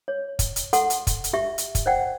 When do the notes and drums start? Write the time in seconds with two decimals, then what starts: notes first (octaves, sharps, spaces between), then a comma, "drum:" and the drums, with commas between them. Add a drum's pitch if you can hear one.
0.08 C#5
0.39 drum: kick, hi-hat
0.56 drum: hi-hat
0.73 A4 F#5 C6, drum: hi-hat
0.90 drum: hi-hat
1.07 drum: kick, hi-hat
1.24 drum: hi-hat
1.33 G4 E5 C#6
1.58 drum: hi-hat
1.75 drum: kick, hi-hat
1.86 C5 D5 F#5 G5